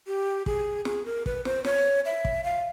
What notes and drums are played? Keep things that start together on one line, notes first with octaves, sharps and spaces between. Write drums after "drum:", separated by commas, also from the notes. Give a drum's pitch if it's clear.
G4
G#4, drum: kick
G#4, drum: snare
A#4
B4, drum: kick
C5, drum: snare
C#5, drum: snare
E5
drum: kick
F5